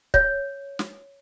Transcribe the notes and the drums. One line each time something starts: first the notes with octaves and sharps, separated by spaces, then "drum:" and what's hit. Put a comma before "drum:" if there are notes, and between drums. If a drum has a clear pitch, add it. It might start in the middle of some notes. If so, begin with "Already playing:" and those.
C#5, drum: kick
drum: snare